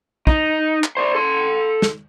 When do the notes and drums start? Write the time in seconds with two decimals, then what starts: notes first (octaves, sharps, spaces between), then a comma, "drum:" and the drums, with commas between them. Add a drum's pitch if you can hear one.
0.27 D#4, drum: kick
0.84 drum: clap
0.97 C5 D5
1.15 A4 C6
1.82 drum: snare